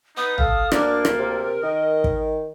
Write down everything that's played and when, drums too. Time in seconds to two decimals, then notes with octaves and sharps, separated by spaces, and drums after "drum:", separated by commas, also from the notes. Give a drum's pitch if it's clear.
0.17 B3 D#4 D#6
0.38 A4 F5, drum: tom
0.72 D2 A#3 D4 A#4 D5, drum: rim click
1.05 drum: rim click
1.19 C3
1.63 D#3 D#5
2.04 drum: kick